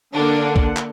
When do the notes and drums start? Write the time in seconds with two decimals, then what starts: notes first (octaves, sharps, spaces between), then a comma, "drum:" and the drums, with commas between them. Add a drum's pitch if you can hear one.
0.14 D3 A#3 D4 F#5
0.56 drum: kick B1
0.76 drum: clap